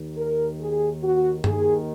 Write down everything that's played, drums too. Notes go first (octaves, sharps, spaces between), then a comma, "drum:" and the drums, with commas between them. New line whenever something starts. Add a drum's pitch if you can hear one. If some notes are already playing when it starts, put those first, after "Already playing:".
Already playing: D#2 D#3
A#4
G#4
F#4
D#2 D#3 G#4, drum: tom G2